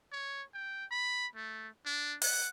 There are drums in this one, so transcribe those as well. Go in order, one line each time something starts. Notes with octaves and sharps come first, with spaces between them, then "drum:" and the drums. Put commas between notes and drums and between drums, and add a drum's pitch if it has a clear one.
C#5
G5
B5
A3
D4
F#5, drum: open hi-hat